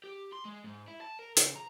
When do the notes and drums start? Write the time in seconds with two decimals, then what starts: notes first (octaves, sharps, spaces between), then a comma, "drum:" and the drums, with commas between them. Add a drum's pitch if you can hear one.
0.04 G4
0.33 C6
0.45 G#3
0.64 G#2
0.88 E4
1.01 A5
1.19 A#4
1.37 C#3, drum: hi-hat
1.56 A#5